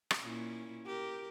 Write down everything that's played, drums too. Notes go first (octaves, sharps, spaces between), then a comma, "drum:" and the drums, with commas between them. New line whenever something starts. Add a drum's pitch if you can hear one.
drum: rim click
A#2 C#4 E4
G4 A#4